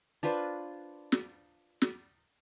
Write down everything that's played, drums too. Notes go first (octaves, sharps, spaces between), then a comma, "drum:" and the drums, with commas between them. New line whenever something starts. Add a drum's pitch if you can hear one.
D4 F4 B4 C5
drum: snare
drum: snare